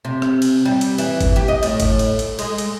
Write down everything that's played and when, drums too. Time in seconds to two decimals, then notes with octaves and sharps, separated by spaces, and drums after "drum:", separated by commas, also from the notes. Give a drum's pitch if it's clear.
0.05 C3
0.22 drum: rim click
0.42 drum: cymbal
0.65 G3
0.81 drum: cymbal
0.98 E3, drum: cymbal
1.21 drum: kick G1, cymbal
1.36 G4
1.48 D#5
1.63 A2, drum: cymbal
1.80 drum: kick G1, cymbal
1.99 drum: cymbal
2.19 drum: cymbal
2.39 G#3, drum: cymbal
2.58 drum: cymbal